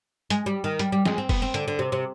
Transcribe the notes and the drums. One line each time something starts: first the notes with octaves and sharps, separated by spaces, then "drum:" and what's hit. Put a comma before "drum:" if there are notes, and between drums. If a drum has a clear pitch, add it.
G#3, drum: hi-hat
G3
D#3
G3, drum: hi-hat
G3
G#3, drum: snare
C4
B3, drum: kick F1, open hi-hat
C4
D3, drum: hi-hat
D3
C3
C3